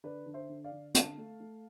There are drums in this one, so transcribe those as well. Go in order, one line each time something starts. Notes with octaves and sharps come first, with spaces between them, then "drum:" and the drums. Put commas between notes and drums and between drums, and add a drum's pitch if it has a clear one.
D3 B4 D5
D3
C5 E5
D3
D5 F5
D3
D3 F5 A5, drum: hi-hat
A3
A3